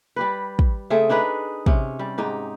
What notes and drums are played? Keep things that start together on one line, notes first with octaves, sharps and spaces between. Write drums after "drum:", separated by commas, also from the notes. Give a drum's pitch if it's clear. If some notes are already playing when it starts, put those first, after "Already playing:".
G3 G4 B4
drum: kick
C#3 A3 C4 G#4
D4 D#4 G#4 B4
C3 C#4, drum: kick
G3
G#2 D#4 G4